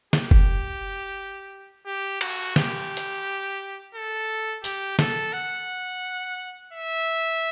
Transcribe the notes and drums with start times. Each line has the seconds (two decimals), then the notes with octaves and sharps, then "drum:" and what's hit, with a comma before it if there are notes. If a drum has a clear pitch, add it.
0.13 G4, drum: snare
0.31 drum: kick F#1
1.86 G4
2.21 F#4, drum: cymbal
2.56 G4, drum: snare
2.97 drum: hi-hat
3.95 A4
4.64 G4, drum: tambourine
4.99 A4, drum: snare
5.33 F#5
6.73 E5